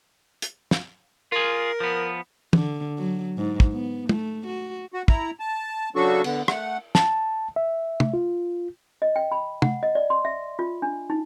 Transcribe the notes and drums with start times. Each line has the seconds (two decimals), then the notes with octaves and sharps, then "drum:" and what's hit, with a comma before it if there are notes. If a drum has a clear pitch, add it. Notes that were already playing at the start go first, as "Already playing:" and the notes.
0.42 drum: hi-hat
0.71 drum: snare
1.32 F4 G#4 A#4
1.80 F3 B3
2.53 D3, drum: tom
2.98 F#3
3.38 G#2
3.60 drum: kick
3.72 B3
4.09 A3, drum: tom
4.46 F#4
4.93 F#4
5.08 E4 A#5, drum: kick
5.40 A5
5.96 C#3 F#3 D4 F#4 A4 C#6
6.24 D3 B3, drum: cymbal
6.48 A3 F#5, drum: rim click
6.95 A5, drum: snare
7.56 E5
8.00 drum: tom
8.14 F4
9.02 D#5
9.16 G5
9.31 B5
9.62 F#5, drum: tom
9.83 D#5
9.95 D5
10.10 C6
10.25 E5
10.59 F4
10.82 D4
11.10 D#4